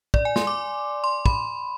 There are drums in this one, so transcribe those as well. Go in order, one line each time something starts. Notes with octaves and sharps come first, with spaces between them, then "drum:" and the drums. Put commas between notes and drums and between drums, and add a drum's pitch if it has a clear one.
D5, drum: kick
G#5
C6, drum: snare
D6
C6
B5, drum: kick